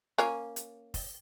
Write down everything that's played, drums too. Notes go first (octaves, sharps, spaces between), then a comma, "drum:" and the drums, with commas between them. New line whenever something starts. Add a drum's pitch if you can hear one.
A#3 C#4, drum: snare
drum: hi-hat
drum: kick, open hi-hat